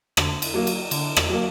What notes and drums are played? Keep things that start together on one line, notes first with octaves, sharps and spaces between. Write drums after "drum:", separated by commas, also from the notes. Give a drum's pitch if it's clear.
D3, drum: rim click
drum: cymbal
F#3 A#3
drum: cymbal
D3, drum: cymbal
drum: rim click
F#3 A#3